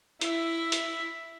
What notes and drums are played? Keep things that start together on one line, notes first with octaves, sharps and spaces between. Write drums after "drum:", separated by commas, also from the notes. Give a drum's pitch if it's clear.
E4 E5, drum: hi-hat
drum: hi-hat